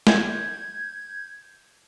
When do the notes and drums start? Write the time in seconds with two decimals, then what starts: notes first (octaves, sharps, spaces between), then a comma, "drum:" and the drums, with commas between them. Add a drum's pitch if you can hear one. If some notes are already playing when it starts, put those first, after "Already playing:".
0.07 G6 G#6, drum: snare